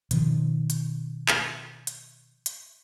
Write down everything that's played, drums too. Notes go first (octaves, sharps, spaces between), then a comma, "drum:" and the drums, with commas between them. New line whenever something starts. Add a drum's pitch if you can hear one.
B2 D#3 F3, drum: hi-hat
drum: hi-hat
drum: clap
drum: hi-hat
drum: hi-hat